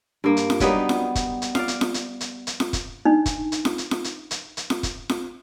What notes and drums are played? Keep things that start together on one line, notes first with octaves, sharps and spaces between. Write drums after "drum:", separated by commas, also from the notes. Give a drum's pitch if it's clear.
G2 A#3
drum: hi-hat
drum: snare F4
F#3 G3 B3 D#4, drum: kick, hi-hat
drum: snare F4
drum: kick, hi-hat
drum: hi-hat
D5 F5, drum: snare F4
drum: hi-hat
drum: snare F4
drum: hi-hat
drum: hi-hat
drum: hi-hat
drum: snare F4
drum: kick, hi-hat
D4 D#4
drum: kick, hi-hat
drum: hi-hat
drum: snare F4
drum: hi-hat
drum: snare F4
drum: hi-hat
drum: hi-hat
drum: hi-hat
drum: snare F4
drum: kick, hi-hat
drum: snare F4